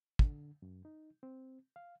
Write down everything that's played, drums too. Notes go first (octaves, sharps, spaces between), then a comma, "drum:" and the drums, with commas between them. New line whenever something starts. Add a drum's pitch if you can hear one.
D3, drum: kick
F#2
D#4
C4
F5